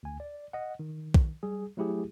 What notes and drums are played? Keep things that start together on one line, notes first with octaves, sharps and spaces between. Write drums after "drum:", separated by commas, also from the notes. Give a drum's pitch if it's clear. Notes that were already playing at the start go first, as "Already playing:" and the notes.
D2 G#5
D5
D#5 F#5
D#3
drum: kick
G3 G#4
F#3 A3 E4 G4 G#4